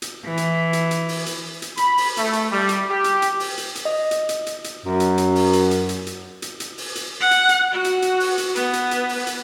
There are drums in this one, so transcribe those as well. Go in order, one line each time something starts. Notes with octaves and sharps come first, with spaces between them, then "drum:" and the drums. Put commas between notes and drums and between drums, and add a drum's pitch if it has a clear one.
drum: hi-hat
E3
drum: hi-hat
drum: hi-hat
drum: hi-hat
drum: open hi-hat
drum: hi-hat
drum: hi-hat
B5, drum: hi-hat
drum: open hi-hat
A3, drum: hi-hat
drum: hi-hat
G3
drum: hi-hat
G4
drum: hi-hat
drum: hi-hat
drum: open hi-hat
drum: hi-hat
drum: hi-hat
D#5
drum: hi-hat
drum: hi-hat
drum: hi-hat
drum: hi-hat
F#2
drum: hi-hat
drum: hi-hat
drum: open hi-hat
drum: hi-hat
drum: hi-hat
drum: hi-hat
drum: hi-hat
drum: hi-hat
drum: hi-hat
drum: open hi-hat
drum: hi-hat
F#5
drum: hi-hat
drum: hi-hat
F#4
drum: hi-hat
drum: hi-hat
drum: open hi-hat
drum: hi-hat
B3, drum: hi-hat
drum: hi-hat
drum: hi-hat
drum: open hi-hat
drum: hi-hat